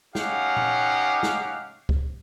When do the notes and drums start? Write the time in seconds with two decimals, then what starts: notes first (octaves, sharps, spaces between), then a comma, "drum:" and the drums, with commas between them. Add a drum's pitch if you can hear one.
0.15 C#4 D#4 G4 F5 F#5, drum: snare
0.56 drum: tom A#2
1.23 drum: snare
1.89 drum: kick